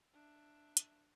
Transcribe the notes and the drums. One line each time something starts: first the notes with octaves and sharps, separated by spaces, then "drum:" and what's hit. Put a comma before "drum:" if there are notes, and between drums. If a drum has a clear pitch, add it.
D4 E5
drum: hi-hat